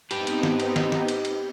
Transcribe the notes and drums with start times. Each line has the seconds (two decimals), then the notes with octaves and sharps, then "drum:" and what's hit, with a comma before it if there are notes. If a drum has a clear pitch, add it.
0.11 B3 C4 D#4 G4 B4, drum: cymbal
0.27 drum: cymbal
0.43 drum: snare
0.60 drum: cymbal
0.76 drum: snare
0.92 drum: snare
1.08 drum: cymbal
1.25 drum: cymbal